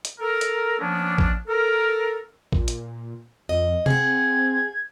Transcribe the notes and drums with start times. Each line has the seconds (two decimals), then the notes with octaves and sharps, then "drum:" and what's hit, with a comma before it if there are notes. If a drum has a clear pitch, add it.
0.05 drum: hi-hat
0.20 A4 A#4
0.41 drum: hi-hat
0.81 F3 A#3 B3 C#4 D4
1.18 drum: kick
1.48 A4 A#4
2.52 A#2, drum: kick
2.68 drum: hi-hat
3.49 F2 D#5
3.86 C4 G#4 F#5 G#6, drum: tom C3